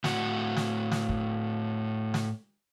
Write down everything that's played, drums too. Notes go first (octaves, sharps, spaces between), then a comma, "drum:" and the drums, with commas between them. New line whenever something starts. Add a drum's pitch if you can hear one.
A2 F#4, drum: snare
drum: snare
drum: snare
drum: kick
drum: snare